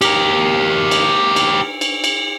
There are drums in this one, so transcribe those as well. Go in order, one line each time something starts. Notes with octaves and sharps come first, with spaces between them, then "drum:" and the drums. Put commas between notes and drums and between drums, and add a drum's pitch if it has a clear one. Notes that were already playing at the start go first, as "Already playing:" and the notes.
G4 A#4, drum: cymbal
drum: cymbal
drum: cymbal
drum: cymbal
drum: cymbal